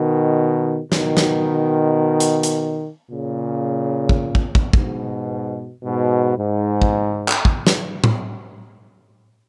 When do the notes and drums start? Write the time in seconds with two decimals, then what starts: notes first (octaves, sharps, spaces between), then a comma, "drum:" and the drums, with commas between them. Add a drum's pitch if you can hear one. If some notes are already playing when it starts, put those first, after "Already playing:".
Already playing: B2 D#3
0.92 B2 D#3, drum: snare
1.17 drum: snare
2.20 drum: hi-hat
2.43 drum: hi-hat
3.10 A#2 C#3
4.09 drum: kick
4.35 drum: kick
4.55 drum: kick
4.73 G#2 B2, drum: kick
5.84 G#2 B2
6.38 G#2
6.82 drum: kick
7.28 drum: clap
7.45 drum: kick
7.67 drum: snare
8.04 drum: tom A2